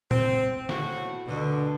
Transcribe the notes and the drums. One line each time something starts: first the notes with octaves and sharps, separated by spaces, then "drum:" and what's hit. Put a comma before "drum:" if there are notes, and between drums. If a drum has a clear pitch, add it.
C4, drum: tom A#2
A2 F#4, drum: snare
D2 B2 D3